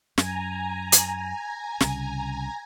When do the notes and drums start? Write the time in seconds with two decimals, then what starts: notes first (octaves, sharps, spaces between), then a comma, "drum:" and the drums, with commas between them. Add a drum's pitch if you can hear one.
0.18 F#2 G#5 A#5, drum: snare
0.92 drum: hi-hat
1.80 C2 C#3, drum: snare